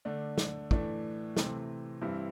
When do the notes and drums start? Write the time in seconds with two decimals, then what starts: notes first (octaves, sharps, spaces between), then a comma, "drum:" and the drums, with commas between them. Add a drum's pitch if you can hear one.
0.05 D3 A3 D4
0.38 drum: snare
0.71 A2 E3 A3 D4, drum: kick
1.37 C3 E3 A3 C4, drum: snare
2.02 G2 E3 G3 C4 E4